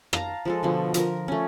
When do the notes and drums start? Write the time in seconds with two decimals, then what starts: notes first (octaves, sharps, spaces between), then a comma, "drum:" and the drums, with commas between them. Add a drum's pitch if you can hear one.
0.13 F5 A5 A#5, drum: rim click
0.45 F3 G#3 A4
0.63 B2 D3 F3
0.94 F3 A#4, drum: hi-hat
1.28 A3 C#4